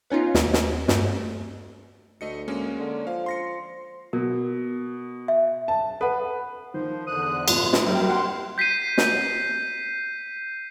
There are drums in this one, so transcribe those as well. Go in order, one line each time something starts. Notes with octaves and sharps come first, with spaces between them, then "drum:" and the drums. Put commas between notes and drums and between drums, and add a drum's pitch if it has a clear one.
B3 C#4 D#4 F4
D#2, drum: snare
drum: snare
G2 A3, drum: snare
D2 A3 D#5 C#7
G#3 A#3 C#4
D3
F3 F5
C6 A#6 C#7
B2 A#4
E5
A5
A4 B4 F#5
D#3 F3 C5
E2 D3 D#6 F#6
F2 A2 F4, drum: cymbal
D4 E4, drum: snare
F#3 G3 A#4 E5 G5
F#5 C6
G6 B6 C7 D#7
drum: snare